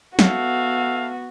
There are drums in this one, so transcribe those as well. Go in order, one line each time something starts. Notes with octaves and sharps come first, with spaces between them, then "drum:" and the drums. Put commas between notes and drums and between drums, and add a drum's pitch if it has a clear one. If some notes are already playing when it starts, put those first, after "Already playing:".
B3 F#4 A4 E5 F5, drum: snare